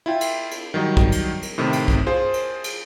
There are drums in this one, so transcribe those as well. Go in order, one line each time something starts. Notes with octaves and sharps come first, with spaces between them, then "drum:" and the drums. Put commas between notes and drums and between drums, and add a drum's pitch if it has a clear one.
E4 F4 G5
drum: cymbal
drum: cymbal
D#3 F#3 G3 D#5
drum: kick B1
drum: cymbal
drum: cymbal
A2 C3 D#3
drum: cymbal
drum: kick B1
F4 G#4 C5
drum: cymbal
drum: cymbal